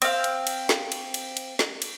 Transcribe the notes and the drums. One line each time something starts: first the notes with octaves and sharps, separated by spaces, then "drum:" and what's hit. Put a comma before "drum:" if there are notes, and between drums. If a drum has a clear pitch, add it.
C4 F5, drum: cymbal
drum: cymbal
drum: cymbal
drum: snare
drum: cymbal
drum: cymbal
drum: cymbal
drum: snare
drum: cymbal